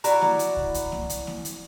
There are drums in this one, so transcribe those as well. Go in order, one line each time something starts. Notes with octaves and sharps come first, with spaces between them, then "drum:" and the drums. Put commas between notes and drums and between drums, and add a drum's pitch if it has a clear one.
E4 F#4 D5 A#5, drum: hi-hat
drum: snare A#3
drum: hi-hat
drum: kick
drum: kick, hi-hat
drum: snare A#3
drum: hi-hat
drum: snare A#3
drum: hi-hat